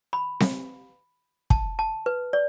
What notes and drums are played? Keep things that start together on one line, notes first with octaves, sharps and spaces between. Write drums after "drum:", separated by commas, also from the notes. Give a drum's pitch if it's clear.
B5
drum: snare C4
A5, drum: kick
A5
B4
D5